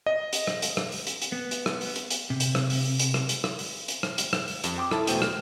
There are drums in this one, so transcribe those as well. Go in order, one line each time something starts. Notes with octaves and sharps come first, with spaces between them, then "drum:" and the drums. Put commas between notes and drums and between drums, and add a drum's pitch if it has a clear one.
D#5
drum: hi-hat
drum: rim click
drum: hi-hat
drum: rim click
drum: open hi-hat
drum: hi-hat
drum: hi-hat
B3
drum: hi-hat
drum: rim click
drum: open hi-hat
drum: hi-hat
drum: hi-hat
C3
drum: hi-hat
drum: rim click
drum: open hi-hat
drum: hi-hat
drum: rim click
drum: hi-hat
drum: rim click
drum: open hi-hat
drum: hi-hat
drum: rim click
drum: hi-hat
drum: rim click
drum: open hi-hat
F2, drum: hi-hat
G5 C6 D6 D#6
E4 A4 A5, drum: rim click
E2 B2 A3 C5 G5 D#7, drum: hi-hat
F6, drum: rim click